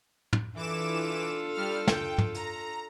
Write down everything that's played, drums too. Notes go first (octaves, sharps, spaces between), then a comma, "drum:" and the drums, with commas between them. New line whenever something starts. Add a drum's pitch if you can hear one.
drum: tom
E3 D4 F4 A4 D6 E7
G3 F6
G5, drum: snare
drum: tom
A#5, drum: hi-hat